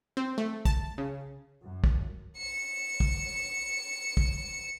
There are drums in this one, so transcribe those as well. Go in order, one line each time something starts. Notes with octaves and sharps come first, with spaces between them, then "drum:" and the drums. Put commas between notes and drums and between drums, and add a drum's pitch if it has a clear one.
C4
A3
A5, drum: kick
C#3
F#2
drum: kick
C#7 E7
drum: kick
drum: kick